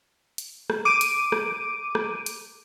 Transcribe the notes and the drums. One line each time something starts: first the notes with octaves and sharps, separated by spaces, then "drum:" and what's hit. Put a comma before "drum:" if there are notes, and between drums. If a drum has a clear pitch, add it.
drum: hi-hat
drum: rim click
D6 D7 D#7
drum: hi-hat
drum: rim click
drum: rim click
drum: hi-hat